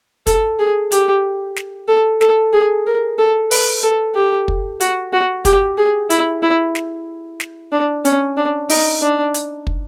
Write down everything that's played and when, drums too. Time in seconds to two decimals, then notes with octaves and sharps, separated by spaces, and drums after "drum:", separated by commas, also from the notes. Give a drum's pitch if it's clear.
0.27 A4, drum: kick, hi-hat
0.59 G#4
0.92 G4, drum: hi-hat
1.56 drum: snare
1.88 A4
2.21 A4, drum: snare
2.53 G#4
2.86 A#4
3.18 A4
3.51 B4, drum: open hi-hat
3.83 A4
4.15 G4
4.48 drum: kick
4.80 F#4, drum: hi-hat
5.13 F#4
5.45 G4, drum: kick, hi-hat
5.78 G#4
6.10 E4, drum: hi-hat
6.43 E4
6.75 drum: snare
7.40 drum: snare
7.72 D4
8.05 C#4, drum: hi-hat
8.37 D4
8.69 D#4, drum: open hi-hat
9.02 D4
9.34 drum: hi-hat
9.67 drum: kick